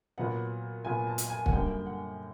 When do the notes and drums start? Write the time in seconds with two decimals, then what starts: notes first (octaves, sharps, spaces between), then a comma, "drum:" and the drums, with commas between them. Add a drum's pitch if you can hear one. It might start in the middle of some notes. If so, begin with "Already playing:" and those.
0.18 A#2 F#3 B3 F#5
0.85 A#2 F#3 B3 G#5
1.07 A5
1.18 drum: hi-hat
1.30 G#5
1.46 F#5, drum: kick
1.53 F#2 D3 G3 A#3 G5
1.86 F#5